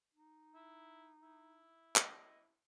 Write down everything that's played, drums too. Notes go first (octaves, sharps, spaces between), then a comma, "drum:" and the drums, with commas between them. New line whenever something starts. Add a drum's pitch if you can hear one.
D#4
E4
E4
D#5, drum: clap